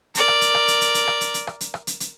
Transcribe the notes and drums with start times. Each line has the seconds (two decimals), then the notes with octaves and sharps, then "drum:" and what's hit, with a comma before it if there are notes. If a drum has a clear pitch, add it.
0.15 A#4 D5, drum: hi-hat
0.28 drum: rim click
0.41 drum: hi-hat
0.55 drum: rim click
0.68 drum: hi-hat
0.81 drum: hi-hat
0.94 drum: hi-hat
1.08 drum: rim click
1.21 drum: hi-hat
1.34 drum: hi-hat
1.47 drum: rim click
1.61 drum: hi-hat
1.74 drum: rim click
1.87 drum: hi-hat
2.00 drum: hi-hat